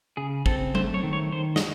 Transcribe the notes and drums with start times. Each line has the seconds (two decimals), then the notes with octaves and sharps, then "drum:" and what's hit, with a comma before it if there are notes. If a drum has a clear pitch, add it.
0.17 C#3 G#4
0.46 C4 A4, drum: kick
0.75 A3 C5, drum: tom F#3
0.94 C#5
1.03 D#3
1.13 C#5
1.32 D#3 C5
1.56 D#5, drum: snare